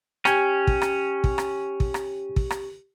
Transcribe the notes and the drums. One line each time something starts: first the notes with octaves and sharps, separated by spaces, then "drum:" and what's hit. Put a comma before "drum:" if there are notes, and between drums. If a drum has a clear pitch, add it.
C#4 G4 G5 G#5 G#6, drum: rim click
drum: kick
drum: rim click
drum: kick
drum: rim click
drum: kick
drum: rim click
drum: kick
drum: rim click